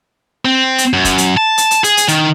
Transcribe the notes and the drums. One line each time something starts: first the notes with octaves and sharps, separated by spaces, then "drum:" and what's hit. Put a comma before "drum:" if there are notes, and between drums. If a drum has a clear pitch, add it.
C4
drum: hi-hat
F#2
drum: kick F1, hi-hat
drum: hi-hat
A5
drum: hi-hat
drum: hi-hat
G#4, drum: hi-hat
drum: hi-hat
D#3, drum: hi-hat